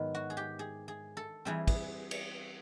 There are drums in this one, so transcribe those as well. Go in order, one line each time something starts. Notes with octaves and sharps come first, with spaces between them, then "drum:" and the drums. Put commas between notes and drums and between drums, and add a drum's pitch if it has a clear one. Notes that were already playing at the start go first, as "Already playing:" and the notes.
Already playing: G#2 D#3 F#3 B3
F#4
G#4
G4
G#4
G#4
A4
E3 G3 C4 G#4
drum: kick, cymbal
drum: cymbal